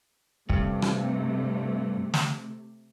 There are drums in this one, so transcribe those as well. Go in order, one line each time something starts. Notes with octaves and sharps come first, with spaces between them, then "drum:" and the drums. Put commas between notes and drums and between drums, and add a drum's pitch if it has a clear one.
G2 C3 A3, drum: kick
drum: rim click
drum: snare